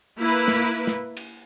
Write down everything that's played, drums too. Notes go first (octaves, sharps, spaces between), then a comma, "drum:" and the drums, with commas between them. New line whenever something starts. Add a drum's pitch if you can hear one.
A#3 E4 B4
drum: snare
drum: snare
drum: cymbal